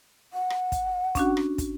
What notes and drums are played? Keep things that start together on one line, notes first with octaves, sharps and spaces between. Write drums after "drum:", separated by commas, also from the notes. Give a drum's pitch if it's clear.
F#5
drum: rim click
drum: kick, hi-hat
C#4 D4 F#4, drum: kick, hi-hat
drum: rim click
drum: kick, hi-hat